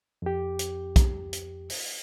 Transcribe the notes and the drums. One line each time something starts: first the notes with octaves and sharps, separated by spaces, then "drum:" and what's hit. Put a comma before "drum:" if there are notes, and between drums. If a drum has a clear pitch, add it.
F2 G4
drum: hi-hat
drum: kick, hi-hat
drum: hi-hat
drum: open hi-hat